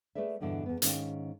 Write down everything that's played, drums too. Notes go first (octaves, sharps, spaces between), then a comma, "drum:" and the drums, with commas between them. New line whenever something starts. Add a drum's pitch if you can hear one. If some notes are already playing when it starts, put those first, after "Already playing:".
A3 G#4 B4 D5 E5
E2 G2 B2 D3 E3
E2 B3
G#2 D#3 C#4 G4 F5 G5, drum: hi-hat